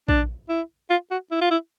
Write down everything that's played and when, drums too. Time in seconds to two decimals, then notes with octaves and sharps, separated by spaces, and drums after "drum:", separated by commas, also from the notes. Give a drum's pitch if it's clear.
0.09 D4, drum: kick A#1
0.49 E4
0.90 F4
1.11 F#4
1.31 E4
1.41 F4
1.51 E4